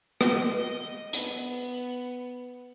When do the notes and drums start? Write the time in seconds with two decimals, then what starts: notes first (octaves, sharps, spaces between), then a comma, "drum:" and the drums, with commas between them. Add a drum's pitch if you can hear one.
0.21 D#5, drum: rim click
1.13 B3, drum: hi-hat